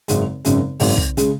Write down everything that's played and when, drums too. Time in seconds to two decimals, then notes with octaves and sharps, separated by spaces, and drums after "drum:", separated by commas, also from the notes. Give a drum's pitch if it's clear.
0.08 G#1 F#2 C#3 G#3, drum: hi-hat
0.45 G#1 F#2 C#3 G#3, drum: hi-hat
0.80 G#1 F#2 C#3 G#3, drum: open hi-hat
0.98 drum: kick
1.17 C#3 G#3, drum: hi-hat